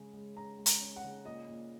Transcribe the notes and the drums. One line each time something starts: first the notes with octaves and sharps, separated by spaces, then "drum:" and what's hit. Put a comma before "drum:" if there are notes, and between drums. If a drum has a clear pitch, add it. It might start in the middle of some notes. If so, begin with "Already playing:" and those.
Already playing: C#3 G#3 C#4
G#3
C#4 A#5
G#3
A#5, drum: hi-hat
C#4
F#5
C#3
A#2 D#5
A#2